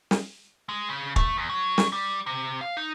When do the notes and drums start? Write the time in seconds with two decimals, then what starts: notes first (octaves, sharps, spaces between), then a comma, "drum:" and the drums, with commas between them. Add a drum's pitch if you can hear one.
0.11 drum: snare
0.69 G#3
0.89 C#3
1.16 A3, drum: kick
1.38 E2
1.49 F#3
1.78 drum: snare
1.92 G3
2.26 C3
2.61 F5
2.77 D#4